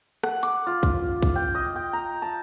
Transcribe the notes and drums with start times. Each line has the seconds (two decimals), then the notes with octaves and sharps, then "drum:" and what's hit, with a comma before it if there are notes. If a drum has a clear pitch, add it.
0.23 F#5, drum: rim click
0.43 D6, drum: hi-hat
0.66 F4
0.83 drum: kick, hi-hat
1.22 drum: kick, hi-hat
1.36 G5
1.55 D#5
1.76 G5
1.93 A#5
2.22 A5